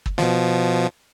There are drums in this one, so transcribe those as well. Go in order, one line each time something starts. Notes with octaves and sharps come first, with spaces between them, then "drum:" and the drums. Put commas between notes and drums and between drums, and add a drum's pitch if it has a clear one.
drum: kick
B2 F3, drum: snare